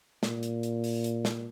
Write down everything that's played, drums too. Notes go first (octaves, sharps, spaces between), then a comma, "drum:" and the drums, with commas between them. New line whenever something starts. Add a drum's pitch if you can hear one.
A#2, drum: snare
drum: hi-hat
drum: hi-hat
drum: open hi-hat
drum: hi-hat
drum: snare